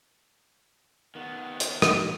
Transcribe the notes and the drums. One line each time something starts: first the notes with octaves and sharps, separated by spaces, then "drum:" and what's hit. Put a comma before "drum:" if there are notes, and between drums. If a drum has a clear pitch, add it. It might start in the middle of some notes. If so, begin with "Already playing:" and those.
D#3 B3
drum: hi-hat
A2 E3 F#3, drum: rim click